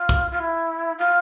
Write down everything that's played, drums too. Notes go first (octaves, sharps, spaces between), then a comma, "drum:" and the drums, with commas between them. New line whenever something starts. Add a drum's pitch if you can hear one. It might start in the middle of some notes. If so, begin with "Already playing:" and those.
Already playing: F4
drum: kick
F4
E4
F4